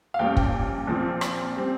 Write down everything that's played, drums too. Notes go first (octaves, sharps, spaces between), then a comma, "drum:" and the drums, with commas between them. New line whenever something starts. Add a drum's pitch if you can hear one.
F5
A#1 A#2 G3 C#4 G5
drum: kick
A#1 A#2 F3 C4
drum: rim click
G3 C4